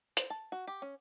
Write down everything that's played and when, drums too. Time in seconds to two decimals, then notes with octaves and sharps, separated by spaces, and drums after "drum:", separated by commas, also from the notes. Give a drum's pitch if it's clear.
0.17 C5, drum: hi-hat
0.30 A5
0.52 F#4
0.68 G4
0.82 C#4